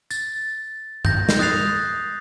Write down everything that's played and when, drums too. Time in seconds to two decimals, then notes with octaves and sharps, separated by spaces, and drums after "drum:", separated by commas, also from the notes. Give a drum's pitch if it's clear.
0.11 A6, drum: tambourine
1.05 G6 A#6, drum: tom G2
1.29 drum: snare
1.39 D#6 F#6 A6 C7 F7